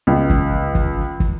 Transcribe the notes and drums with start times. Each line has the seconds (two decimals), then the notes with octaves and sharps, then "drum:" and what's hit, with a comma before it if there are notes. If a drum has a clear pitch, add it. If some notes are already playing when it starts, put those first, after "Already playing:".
0.07 C#2
0.30 drum: kick
0.75 drum: kick
1.20 drum: kick